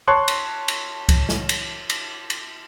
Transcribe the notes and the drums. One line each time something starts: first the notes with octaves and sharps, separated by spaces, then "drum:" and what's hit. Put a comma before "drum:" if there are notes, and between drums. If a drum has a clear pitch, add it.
C#5 A5 C6 C#6 F#6
drum: cymbal
drum: cymbal
drum: kick C2, cymbal
drum: snare
drum: cymbal
drum: cymbal
drum: cymbal